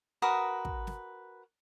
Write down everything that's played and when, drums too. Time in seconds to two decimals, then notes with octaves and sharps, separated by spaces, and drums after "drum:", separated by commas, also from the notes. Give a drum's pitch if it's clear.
0.22 F#4 A#4 B4 D#6
0.65 drum: kick
0.87 drum: snare